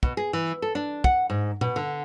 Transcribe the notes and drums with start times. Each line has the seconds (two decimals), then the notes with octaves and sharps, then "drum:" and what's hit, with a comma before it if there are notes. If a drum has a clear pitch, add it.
0.03 B2, drum: kick
0.17 G#4
0.33 E3
0.62 A4
0.75 D4
1.04 F#5, drum: kick
1.30 G#2
1.61 B2, drum: tom A#2
1.76 D3